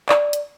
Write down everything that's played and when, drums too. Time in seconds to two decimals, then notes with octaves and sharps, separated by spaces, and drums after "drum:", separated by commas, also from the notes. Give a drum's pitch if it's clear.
0.09 D5, drum: clap
0.33 drum: hi-hat